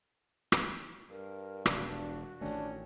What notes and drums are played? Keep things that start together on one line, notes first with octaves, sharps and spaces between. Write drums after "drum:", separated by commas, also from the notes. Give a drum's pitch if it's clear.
drum: rim click
G2 A#4
E1 D4 F#4, drum: rim click
A1 D#3 A3 C#4 D4